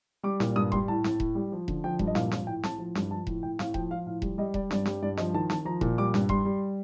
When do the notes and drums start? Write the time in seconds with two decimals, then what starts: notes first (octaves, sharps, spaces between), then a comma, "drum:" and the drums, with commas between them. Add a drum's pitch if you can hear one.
0.23 G3 D6
0.40 A#2, drum: snare
0.56 G2 D#6
0.72 G3 C6, drum: kick E1
0.88 A2 A5
1.04 A2, drum: snare
1.20 A2, drum: kick E1
1.35 G3
1.52 F3
1.68 D3, drum: kick E1
1.84 F3 G5
1.99 G2, drum: kick E1
2.07 D#5
2.15 A#2 F5, drum: snare
2.31 F3 F5, drum: snare
2.47 A2 G5
2.63 A2 A5, drum: snare
2.78 F3
2.95 G2, drum: snare
3.11 F3 A5
3.27 A2, drum: kick E1
3.43 A2 G5
3.59 A2 F5, drum: snare
3.74 F3 G5, drum: kick E1
3.91 F3 F5
4.06 A2 F5
4.22 G3, drum: kick E1
4.38 G3 D#5
4.54 G3 D5, drum: kick E1
4.71 G2 D5, drum: snare
4.86 G3, drum: snare
5.02 G2 D5
5.17 F3 D#5, drum: snare
5.34 D#3 A5
5.50 D#3 A5, drum: snare
5.65 F3 A#5
5.81 A#2, drum: kick E1
5.98 G3 D6
6.14 G2, drum: snare
6.29 G3 C6, drum: kick E1
6.45 G3